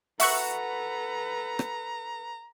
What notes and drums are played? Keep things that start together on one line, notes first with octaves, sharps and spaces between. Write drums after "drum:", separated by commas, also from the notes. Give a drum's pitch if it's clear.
F#4 A4 B4 E5 A#5 C#6 F#6, drum: open hi-hat
drum: rim click